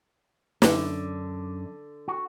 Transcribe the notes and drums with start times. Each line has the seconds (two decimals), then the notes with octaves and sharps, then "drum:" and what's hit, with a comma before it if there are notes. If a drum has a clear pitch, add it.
0.62 F#2 D3 D4, drum: snare
2.08 F#4